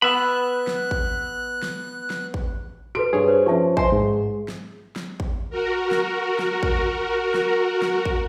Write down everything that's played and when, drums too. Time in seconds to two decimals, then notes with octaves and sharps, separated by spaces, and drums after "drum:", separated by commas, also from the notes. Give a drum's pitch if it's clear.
0.02 B3 E5 B5 F#6
0.67 drum: snare
0.91 drum: kick
1.63 drum: snare
2.10 drum: snare
2.34 drum: kick
2.95 F#4 A4 B4 D7
3.13 G2 G#4 C#5
3.28 B4 C5
3.46 F3 C#4 E5 A5 C#6
3.77 C5 D#5 E5 G#5 C6, drum: kick
3.92 G#2 G#4
4.48 drum: snare
4.96 drum: snare
5.20 drum: kick
5.50 F#4 A#4
5.91 drum: snare
6.39 drum: snare
6.63 drum: kick
7.34 drum: snare
7.82 drum: snare
8.06 drum: kick